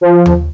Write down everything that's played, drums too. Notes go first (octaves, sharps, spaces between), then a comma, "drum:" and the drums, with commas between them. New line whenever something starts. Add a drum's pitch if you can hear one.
F3
drum: tom D#2